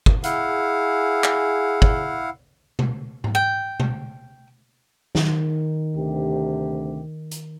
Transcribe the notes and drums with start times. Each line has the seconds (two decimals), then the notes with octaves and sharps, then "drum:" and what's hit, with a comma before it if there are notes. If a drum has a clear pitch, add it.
0.06 drum: kick G1
0.24 E4 G#4 F5 F#5, drum: hi-hat
1.24 drum: clap
1.82 drum: kick G1
2.79 drum: tom B2
3.24 drum: tom G#2
3.35 G5
3.80 drum: tom B2
5.15 D#3, drum: snare
5.96 D2 C3 G4
7.31 drum: hi-hat